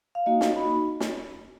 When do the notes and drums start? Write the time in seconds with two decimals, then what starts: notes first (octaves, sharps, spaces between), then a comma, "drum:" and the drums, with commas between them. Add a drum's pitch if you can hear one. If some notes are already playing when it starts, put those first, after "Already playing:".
0.15 F5
0.26 A#3 D#4 F#4 D#5
0.41 D#5, drum: snare
0.56 A#3 D#4 F#4 B5
1.00 drum: snare